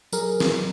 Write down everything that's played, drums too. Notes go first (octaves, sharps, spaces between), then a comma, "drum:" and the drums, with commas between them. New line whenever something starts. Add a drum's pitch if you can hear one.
F#3 G#4 A#4, drum: tambourine
drum: snare